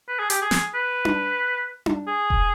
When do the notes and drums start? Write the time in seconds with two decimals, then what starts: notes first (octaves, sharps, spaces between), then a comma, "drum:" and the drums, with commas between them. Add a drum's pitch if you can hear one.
0.08 B4
0.19 G#4
0.30 G4, drum: hi-hat
0.42 G#4
0.51 drum: snare
0.75 B4
1.05 drum: tom D4
1.86 drum: tom D4
2.07 G#4
2.30 drum: kick E1